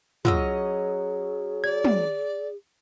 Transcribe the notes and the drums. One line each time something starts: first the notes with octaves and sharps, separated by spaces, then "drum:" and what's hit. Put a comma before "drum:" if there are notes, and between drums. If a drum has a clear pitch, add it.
F#3 C#4 F4 G#4 D#5 E6, drum: tom
D5 G#6
drum: tom